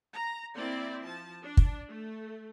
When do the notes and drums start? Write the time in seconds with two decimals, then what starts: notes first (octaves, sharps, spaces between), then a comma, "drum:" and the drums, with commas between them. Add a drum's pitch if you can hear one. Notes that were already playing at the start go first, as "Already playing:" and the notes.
0.13 A#5
0.54 A#3 C4 E4 D5
1.02 F3 A5
1.42 D4
1.57 drum: kick
1.88 A3